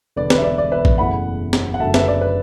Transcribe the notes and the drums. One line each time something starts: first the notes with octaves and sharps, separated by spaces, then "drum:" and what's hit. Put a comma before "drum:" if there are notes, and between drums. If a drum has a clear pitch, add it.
E1 E2 D3 B3 D5
B4, drum: snare
E5
D5
D5
B4 E5
drum: kick A#1
F#1 E2 B2 A3 E4 F#5 B5
drum: snare
F#5
F#1 F#2 D3 F#3 A3 E5 A5
B4 E5, drum: snare
D5
B4